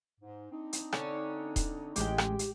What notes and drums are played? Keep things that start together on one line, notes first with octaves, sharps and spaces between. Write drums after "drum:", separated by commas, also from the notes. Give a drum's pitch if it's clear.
G#2
C4 D4 D#4
drum: hi-hat
D3 C#4, drum: rim click
drum: kick D#1, hi-hat
A1 G#3 G4 G5, drum: hi-hat
drum: rim click
drum: hi-hat